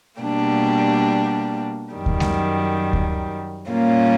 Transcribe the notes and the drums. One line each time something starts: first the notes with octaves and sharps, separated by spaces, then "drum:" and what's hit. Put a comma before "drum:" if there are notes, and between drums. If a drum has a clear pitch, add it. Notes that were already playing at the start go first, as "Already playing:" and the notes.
B2 G3 A#3 D4 G4
F#2 D#3 G3
drum: kick D2
drum: snare G#3
drum: kick D2
A#2 G3 A#3 C#4 F4